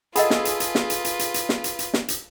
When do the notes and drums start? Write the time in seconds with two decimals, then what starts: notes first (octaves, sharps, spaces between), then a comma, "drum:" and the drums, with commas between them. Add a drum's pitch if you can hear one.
0.16 F4 G#4 A4 B4 D#5 F#5 B5 E6, drum: hi-hat
0.30 drum: snare
0.45 drum: hi-hat
0.60 drum: hi-hat
0.75 drum: snare
0.90 drum: hi-hat
1.05 drum: hi-hat
1.19 drum: hi-hat
1.34 drum: hi-hat
1.49 drum: snare
1.64 drum: hi-hat
1.79 drum: hi-hat
1.94 drum: snare
2.08 drum: hi-hat